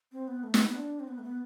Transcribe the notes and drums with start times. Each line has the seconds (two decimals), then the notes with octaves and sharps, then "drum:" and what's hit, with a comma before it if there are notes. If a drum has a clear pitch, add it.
0.12 C4
0.28 B3
0.43 A3
0.54 B3, drum: snare
0.65 B3
0.76 D4
1.00 C4
1.08 B3
1.18 A3
1.24 B3